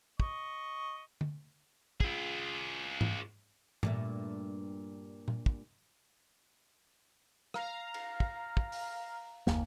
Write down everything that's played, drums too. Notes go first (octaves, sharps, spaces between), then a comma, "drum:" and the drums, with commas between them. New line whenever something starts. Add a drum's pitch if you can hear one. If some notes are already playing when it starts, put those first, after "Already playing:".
D#5 C#6, drum: kick
drum: tom
F4 G#4, drum: kick
drum: tom G#2
G2 A#2 A3, drum: tom G#2
drum: tom A#2
drum: kick
F5 A#5, drum: rim click
drum: cymbal
drum: kick
drum: kick
drum: open hi-hat
F#1 D#2 A#3, drum: snare